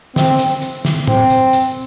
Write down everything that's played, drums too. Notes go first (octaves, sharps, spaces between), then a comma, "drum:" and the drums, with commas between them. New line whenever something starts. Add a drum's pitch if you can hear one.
C4, drum: snare
drum: hi-hat
drum: hi-hat
drum: snare
C4, drum: tom
drum: hi-hat
drum: hi-hat